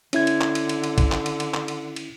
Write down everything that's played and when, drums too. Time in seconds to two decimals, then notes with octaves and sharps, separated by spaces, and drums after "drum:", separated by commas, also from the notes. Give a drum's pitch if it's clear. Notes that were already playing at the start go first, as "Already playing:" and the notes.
0.13 D3 C#4 E4 G#6, drum: cymbal
0.27 drum: cymbal
0.41 drum: clap
0.55 drum: cymbal
0.69 drum: cymbal
0.84 drum: cymbal
0.98 drum: kick G#1, cymbal
1.12 drum: clap
1.26 drum: cymbal
1.40 drum: cymbal
1.54 drum: clap
1.68 drum: cymbal
1.96 drum: cymbal